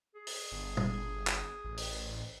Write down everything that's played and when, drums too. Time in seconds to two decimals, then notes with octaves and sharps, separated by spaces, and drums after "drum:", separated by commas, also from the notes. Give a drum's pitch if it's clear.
0.15 G#4
0.27 drum: open hi-hat
0.52 G1
0.77 drum: tom
1.27 drum: clap
1.64 A1
1.77 drum: open hi-hat